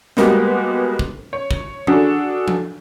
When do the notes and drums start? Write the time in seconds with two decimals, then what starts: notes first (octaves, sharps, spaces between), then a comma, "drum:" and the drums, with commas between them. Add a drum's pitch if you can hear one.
0.17 G3 G#3 A#3 B3 F#4 G4, drum: snare
0.99 drum: kick
1.33 C#5
1.51 drum: kick
1.87 D4 F#4 G#4 A4, drum: tom E3
2.48 drum: tom F3